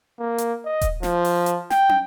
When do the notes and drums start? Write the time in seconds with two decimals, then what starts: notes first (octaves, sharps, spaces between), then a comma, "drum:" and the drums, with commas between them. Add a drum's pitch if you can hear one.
0.19 A#3
0.38 drum: hi-hat
0.65 D#5
0.81 drum: kick D#1, hi-hat
1.03 F3, drum: snare
1.25 drum: open hi-hat
1.46 drum: hi-hat
1.70 G5, drum: snare
1.89 drum: tom